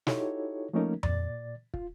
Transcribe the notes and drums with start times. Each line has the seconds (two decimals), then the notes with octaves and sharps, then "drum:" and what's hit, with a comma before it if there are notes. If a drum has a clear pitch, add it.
0.07 D#4 E4 F#4 G4 A4 C#5, drum: snare
0.73 F3 A3 A#3 C#4 D#4 A#4
1.03 A#2 D5 A6, drum: tom F2
1.74 F4, drum: kick